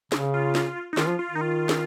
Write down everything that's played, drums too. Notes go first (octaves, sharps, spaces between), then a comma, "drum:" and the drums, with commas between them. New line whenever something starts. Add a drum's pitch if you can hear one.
C#3, drum: snare
F4
drum: snare
D#4
D#3 F4, drum: snare
F3
F4
D#3
D#4
F4
drum: snare